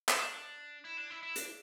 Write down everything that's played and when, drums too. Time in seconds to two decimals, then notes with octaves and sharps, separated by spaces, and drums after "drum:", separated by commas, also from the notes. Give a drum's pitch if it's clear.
0.09 D4, drum: clap
0.85 E4
0.97 D4
1.10 E4
1.23 E4
1.36 D4, drum: hi-hat